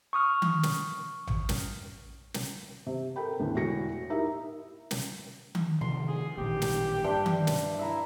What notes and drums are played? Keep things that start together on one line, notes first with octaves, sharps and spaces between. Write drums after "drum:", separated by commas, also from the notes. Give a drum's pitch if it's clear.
C#6 D#6 F6
drum: tom D#3
drum: snare
drum: tom A1
drum: snare
drum: snare
C3
A4 A#4 G5 B5
E2 A2 D3
E1 A2 F#4 A#6 C#7
D#4 E4 G4 A#4 E5
drum: snare
drum: tom D#3
C3 D#3 F3 C6
G#4
A1 A#2 D#3 G4
drum: snare
G2 D4 C5 E5
drum: tom D#3
drum: snare
E4 E5 A#5